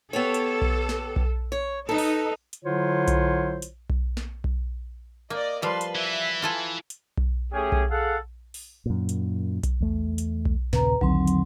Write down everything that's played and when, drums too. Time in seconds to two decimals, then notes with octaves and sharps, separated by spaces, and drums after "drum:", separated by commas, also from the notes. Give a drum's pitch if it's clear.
0.13 B3 G4 A4 C#5
0.34 drum: hi-hat
0.62 drum: kick B1
0.89 drum: snare
1.16 drum: kick B1
1.52 C#5
1.89 D#4 A4 B4
1.98 drum: open hi-hat
2.53 drum: hi-hat
2.64 D3 F#3 E4 F4 C5 C#5
3.08 drum: kick B1, hi-hat
3.62 drum: hi-hat
3.90 drum: kick B1
4.17 drum: snare
4.44 drum: kick B1
5.30 A#3 D5 D#5
5.62 F3 G3 B4 A5 C6
5.81 drum: hi-hat
5.95 E3 E5 B6
6.42 F4 A4 G#5
6.90 drum: hi-hat
7.18 drum: kick B1
7.53 A3 C#4 G4 G#4
7.72 drum: kick B1
7.91 G#4 A4 F5 F#5
8.54 drum: open hi-hat
8.86 F#2 A#2
9.09 drum: hi-hat
9.63 drum: kick B1, hi-hat
9.80 E2 A3
10.18 drum: hi-hat
10.45 drum: kick B1
10.73 D#2 A#2 C#3 B4 A#5, drum: snare
11.01 E2 D3 D#3 F#3 C4 C6, drum: kick B1
11.27 drum: hi-hat